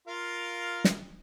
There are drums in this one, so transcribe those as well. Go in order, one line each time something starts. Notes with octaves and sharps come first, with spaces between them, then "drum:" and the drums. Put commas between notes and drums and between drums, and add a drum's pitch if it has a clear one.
F4 A#4 F5
drum: snare